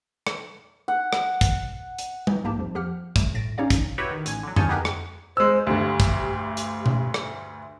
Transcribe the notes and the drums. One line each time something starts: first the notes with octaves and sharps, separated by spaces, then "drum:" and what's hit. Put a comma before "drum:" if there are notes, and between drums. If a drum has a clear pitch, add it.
drum: rim click
F#5
drum: rim click
drum: kick, hi-hat
drum: hi-hat
drum: tom G3
A#1 G#2 A#3 G4 A5
F2 F3
F3 G4 F#5 F6
G3 A3, drum: kick, hi-hat
A2 A6 A#6 D7
C#4 D#4 G4 C#5 D5 F5
drum: kick, hi-hat
E4 F#4 G4 B4 C#5
D#3
A1 G#5, drum: hi-hat
D3 F#3
G#5 A5 C#6 D#6 F6 G6, drum: tom F2
B3 D#4 G4 G#4 A#4 B4
drum: rim click
G#3 C5 E6
D2 G2 D3 G4
drum: kick, hi-hat
drum: hi-hat
drum: tom B2
drum: rim click